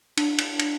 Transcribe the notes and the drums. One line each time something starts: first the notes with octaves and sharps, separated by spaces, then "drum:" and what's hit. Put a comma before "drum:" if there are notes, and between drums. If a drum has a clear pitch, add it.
D4, drum: cymbal
drum: cymbal
drum: cymbal